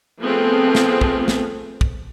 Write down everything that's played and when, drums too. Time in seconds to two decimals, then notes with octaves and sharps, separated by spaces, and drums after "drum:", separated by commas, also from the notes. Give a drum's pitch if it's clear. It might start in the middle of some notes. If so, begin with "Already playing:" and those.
0.22 F3 A3 B3 C4 G#4
0.75 drum: snare
1.01 drum: kick
1.28 drum: snare
1.81 drum: kick